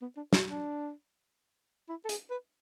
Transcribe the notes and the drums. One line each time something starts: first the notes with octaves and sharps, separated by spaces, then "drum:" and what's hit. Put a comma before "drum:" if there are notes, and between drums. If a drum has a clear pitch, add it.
B3
D4
E4, drum: snare
D4
E4
A4
G#4, drum: hi-hat
B4